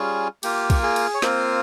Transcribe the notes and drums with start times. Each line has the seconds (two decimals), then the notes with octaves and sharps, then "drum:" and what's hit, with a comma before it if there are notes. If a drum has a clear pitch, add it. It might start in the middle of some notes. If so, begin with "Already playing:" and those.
Already playing: G3 C#4 F4 G#4
0.43 A#3 F4 G4, drum: cymbal
0.70 drum: kick, cymbal
0.83 G#4
0.96 drum: cymbal
1.14 C#5
1.22 A#3 C4 F4 C5, drum: snare